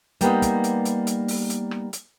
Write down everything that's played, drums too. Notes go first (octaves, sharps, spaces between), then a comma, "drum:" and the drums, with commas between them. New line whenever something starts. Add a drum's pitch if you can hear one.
G3 A#3 B3 D#4, drum: hi-hat
drum: kick, hi-hat
drum: hi-hat
drum: hi-hat
drum: hi-hat
drum: open hi-hat
drum: hi-hat
drum: rim click
drum: hi-hat